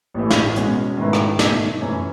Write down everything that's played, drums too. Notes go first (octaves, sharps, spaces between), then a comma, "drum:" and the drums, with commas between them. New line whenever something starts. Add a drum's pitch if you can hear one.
A1 A2 E3 A3
drum: snare
E2 B2 G#3 C#4 F#4, drum: hi-hat
G#2 D#3 A3 E4 B4
drum: rim click
B2 A3 D#4, drum: snare
F#2 E3 A3 C#4